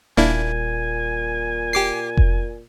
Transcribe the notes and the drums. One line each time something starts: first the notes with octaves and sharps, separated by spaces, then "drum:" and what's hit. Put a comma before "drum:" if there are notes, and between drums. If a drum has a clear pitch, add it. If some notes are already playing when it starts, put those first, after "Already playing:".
D#1 A#2 A#3 D4 E4 G#5
G4 D6 C7
drum: kick F1